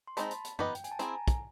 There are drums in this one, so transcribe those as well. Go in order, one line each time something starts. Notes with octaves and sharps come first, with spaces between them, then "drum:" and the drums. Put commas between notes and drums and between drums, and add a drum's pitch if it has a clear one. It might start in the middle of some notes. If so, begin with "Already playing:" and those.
C6
G#3 C4 D#4 A5 B5, drum: hi-hat
drum: hi-hat
drum: hi-hat
B3 D#4 G4 B4 D#5, drum: tom F#2
G5, drum: hi-hat
G#5, drum: hi-hat
A5
C4 E4 G#4 G#5 A#5, drum: hi-hat
drum: kick, hi-hat